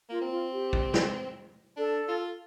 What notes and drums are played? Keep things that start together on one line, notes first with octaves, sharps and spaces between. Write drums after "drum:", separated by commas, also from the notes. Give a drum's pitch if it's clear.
A#3 F4
C4
F4
G4
drum: kick
drum: snare
D4 A4
F4